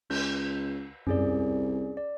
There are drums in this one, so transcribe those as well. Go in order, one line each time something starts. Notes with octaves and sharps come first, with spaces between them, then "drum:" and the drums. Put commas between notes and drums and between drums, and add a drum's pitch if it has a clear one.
C#2 G6, drum: cymbal
C2 C#4 G#4 D5, drum: tom F#2
D5